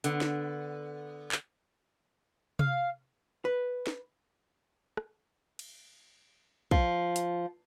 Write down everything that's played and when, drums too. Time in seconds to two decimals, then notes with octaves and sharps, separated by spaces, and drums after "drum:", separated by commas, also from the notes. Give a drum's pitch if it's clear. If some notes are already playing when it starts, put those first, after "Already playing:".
0.04 D3 B3, drum: hi-hat
0.21 drum: snare
1.32 drum: clap
2.59 F5, drum: tom C3
3.45 B4
3.87 drum: snare
4.97 drum: rim click
5.59 drum: cymbal
6.71 F3, drum: kick
7.16 drum: hi-hat